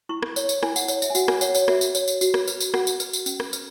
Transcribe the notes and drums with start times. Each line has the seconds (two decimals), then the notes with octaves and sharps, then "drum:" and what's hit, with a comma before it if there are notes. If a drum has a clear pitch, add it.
0.09 E4 C#6
0.23 drum: rim click
0.36 C#5, drum: tambourine
0.49 drum: tambourine
0.63 E4 G#5, drum: rim click
0.76 F#5, drum: tambourine
0.88 C#5, drum: tambourine
1.02 E5, drum: tambourine
1.10 G#5
1.15 F#4 F#5, drum: tambourine
1.28 G#5, drum: rim click
1.41 C#5 F#5, drum: tambourine
1.55 C#5, drum: tambourine
1.68 F#4 E5, drum: rim click
1.81 drum: tambourine
1.95 C#5, drum: tambourine
2.08 drum: tambourine
2.21 F#4, drum: tambourine
2.34 drum: rim click
2.48 B4, drum: tambourine
2.60 drum: tambourine
2.74 F#4 F#5, drum: rim click
2.87 drum: tambourine
3.00 B4, drum: tambourine
3.13 drum: tambourine
3.26 C#4, drum: tambourine
3.40 drum: rim click
3.53 B4, drum: tambourine